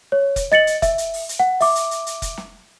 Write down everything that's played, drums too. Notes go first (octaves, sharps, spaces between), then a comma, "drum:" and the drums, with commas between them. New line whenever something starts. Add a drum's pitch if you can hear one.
C#5
drum: kick F1, hi-hat
D#5 A6 C#7 F#7, drum: snare
drum: hi-hat
E5, drum: kick F1, hi-hat
drum: hi-hat
drum: open hi-hat
drum: hi-hat
F#5
E5 D6, drum: open hi-hat
drum: hi-hat
drum: hi-hat
drum: hi-hat
drum: kick F1, hi-hat
drum: snare